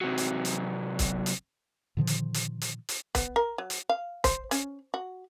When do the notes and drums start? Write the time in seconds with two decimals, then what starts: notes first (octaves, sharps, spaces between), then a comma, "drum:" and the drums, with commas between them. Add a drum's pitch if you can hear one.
0.01 C3 F#3
0.18 drum: hi-hat
0.45 drum: hi-hat
0.99 drum: kick, hi-hat
1.26 drum: hi-hat
1.97 A#2 D3 D#3 F3
2.07 drum: hi-hat
2.34 drum: hi-hat
2.61 drum: hi-hat
2.89 drum: hi-hat
3.15 B3, drum: kick, hi-hat
3.36 A#4
3.58 F#3
3.70 drum: hi-hat
3.89 F5
4.24 C5, drum: kick, hi-hat
4.51 C#4, drum: hi-hat
4.94 F#4